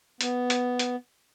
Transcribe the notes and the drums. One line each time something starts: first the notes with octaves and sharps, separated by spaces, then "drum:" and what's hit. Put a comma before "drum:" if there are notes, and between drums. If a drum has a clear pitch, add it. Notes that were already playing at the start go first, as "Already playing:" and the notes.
B3, drum: hi-hat
drum: hi-hat
drum: hi-hat